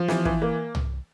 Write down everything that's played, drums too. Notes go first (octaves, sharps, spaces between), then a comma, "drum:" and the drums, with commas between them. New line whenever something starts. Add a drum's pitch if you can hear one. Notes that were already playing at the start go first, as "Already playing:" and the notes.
Already playing: F3
E3, drum: snare
E3, drum: kick
A#3
drum: tom